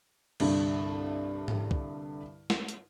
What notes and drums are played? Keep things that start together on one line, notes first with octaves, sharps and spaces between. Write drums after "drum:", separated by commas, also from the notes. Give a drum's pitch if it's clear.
C2 G2 D3, drum: cymbal
drum: tom G#2
drum: kick C2
drum: snare
drum: hi-hat